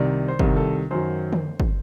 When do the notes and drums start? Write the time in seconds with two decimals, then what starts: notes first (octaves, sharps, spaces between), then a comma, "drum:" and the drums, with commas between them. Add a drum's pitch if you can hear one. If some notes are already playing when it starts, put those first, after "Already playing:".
Already playing: C2 C3 D#3 D5
0.28 C5
0.39 C2 C3 D#3 A#4, drum: kick
0.57 A4
0.91 F#2 D#3 F#3 C5
1.33 drum: tom D3
1.60 drum: kick